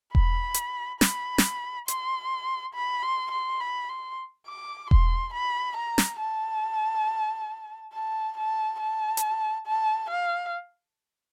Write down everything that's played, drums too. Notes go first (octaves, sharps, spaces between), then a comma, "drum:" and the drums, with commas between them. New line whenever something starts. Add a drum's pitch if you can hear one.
B5, drum: kick E1
drum: hi-hat
B5, drum: snare
drum: snare
C6, drum: hi-hat
B5
C6
C6
B5
C6
D6
C6, drum: kick E1
B5
A#5
drum: snare
A5
A5
A5
A5
drum: hi-hat
A5
F5